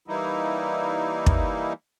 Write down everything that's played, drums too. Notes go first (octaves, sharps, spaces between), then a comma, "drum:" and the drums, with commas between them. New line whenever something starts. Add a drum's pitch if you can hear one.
E3 G3 A#3 D#4 E4
drum: kick